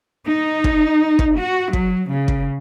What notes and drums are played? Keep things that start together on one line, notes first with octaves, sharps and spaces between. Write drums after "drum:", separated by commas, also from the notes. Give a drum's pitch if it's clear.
D#4
drum: kick
drum: kick
F#4
F#3, drum: kick
C#3
drum: kick